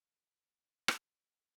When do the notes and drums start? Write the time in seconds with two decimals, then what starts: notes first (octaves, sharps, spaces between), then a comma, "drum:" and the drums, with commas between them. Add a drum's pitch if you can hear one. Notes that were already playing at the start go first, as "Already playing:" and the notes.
0.22 F#3 G#3 E4
0.88 drum: rim click
1.29 F4 G4 E5